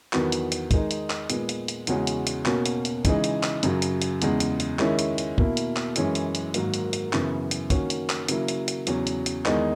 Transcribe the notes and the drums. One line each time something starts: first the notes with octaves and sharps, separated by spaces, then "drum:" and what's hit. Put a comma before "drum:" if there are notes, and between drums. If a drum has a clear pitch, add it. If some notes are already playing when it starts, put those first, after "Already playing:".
E2 D#3 F#3 B3 F#4, drum: clap
drum: hi-hat
drum: hi-hat
D#3 G#3 D#4, drum: kick, hi-hat
drum: hi-hat
drum: clap
A#2 G#3 B3, drum: hi-hat
drum: hi-hat
drum: hi-hat
E2 C#3 G#3 C#4 F#4, drum: hi-hat
drum: hi-hat
drum: hi-hat
B2 A#3 C#4 F#4, drum: clap
drum: hi-hat
drum: hi-hat
C#3 E3 G#3 D#4, drum: kick, hi-hat
drum: hi-hat
drum: clap
F#2 C#3 F#3, drum: hi-hat
drum: hi-hat
drum: hi-hat
E2 C#3 G#3, drum: hi-hat
drum: hi-hat
drum: hi-hat
D#3 G#3 C#4 E4, drum: clap
drum: hi-hat
drum: hi-hat
B2 A#3 E4, drum: kick
drum: hi-hat
drum: clap
F#2 E3 G#3 C#4 E4, drum: hi-hat
drum: hi-hat
drum: hi-hat
G#2 D#3 F#3 A#3, drum: hi-hat
drum: hi-hat
drum: hi-hat
F#2 C#3 E3 B3, drum: clap
drum: hi-hat
D#3 A#3 C#4 F#4, drum: kick, hi-hat
drum: hi-hat
drum: clap
C#3 F#3 A#3 E4, drum: hi-hat
drum: hi-hat
drum: hi-hat
E2 C#3 F#3 C#4, drum: hi-hat
drum: hi-hat
drum: hi-hat
E2 D#3 G#3 D#4, drum: clap